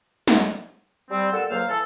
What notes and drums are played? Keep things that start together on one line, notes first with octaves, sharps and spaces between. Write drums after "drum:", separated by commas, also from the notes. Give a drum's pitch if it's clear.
drum: snare
G3 C4
A#2 A4 F#5 E6
C#2 F#3 A#3 C5 F5
E3 A4